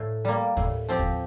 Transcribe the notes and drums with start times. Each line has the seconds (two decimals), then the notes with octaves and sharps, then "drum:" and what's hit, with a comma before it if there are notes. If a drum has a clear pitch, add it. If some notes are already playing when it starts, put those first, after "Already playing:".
Already playing: A2
0.25 G3 A#3
0.57 A2, drum: kick D#2
0.88 F3 C4 G4
0.99 drum: kick D#2